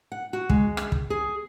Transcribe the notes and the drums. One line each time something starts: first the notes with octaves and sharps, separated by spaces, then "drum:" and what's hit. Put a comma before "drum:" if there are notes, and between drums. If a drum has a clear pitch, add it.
F#5
F#4
G#3, drum: kick
drum: rim click
drum: kick
G#4